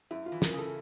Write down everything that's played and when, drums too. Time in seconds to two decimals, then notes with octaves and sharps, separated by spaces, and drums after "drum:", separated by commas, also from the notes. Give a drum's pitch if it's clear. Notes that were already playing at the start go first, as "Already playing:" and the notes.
0.11 F#2 E4
0.26 F4
0.32 E3
0.42 A#4, drum: snare
0.53 C#3
0.58 A4